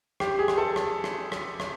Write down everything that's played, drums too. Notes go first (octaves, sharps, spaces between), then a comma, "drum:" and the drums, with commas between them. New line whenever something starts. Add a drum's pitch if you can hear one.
G4, drum: rim click
G#4
drum: rim click
A4
drum: rim click
drum: rim click
drum: rim click
drum: rim click